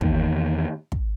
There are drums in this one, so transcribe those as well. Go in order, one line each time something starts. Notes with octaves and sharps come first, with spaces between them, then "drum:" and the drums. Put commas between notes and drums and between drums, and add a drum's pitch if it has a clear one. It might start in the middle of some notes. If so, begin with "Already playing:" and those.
E2 D#3 A#3, drum: kick
drum: kick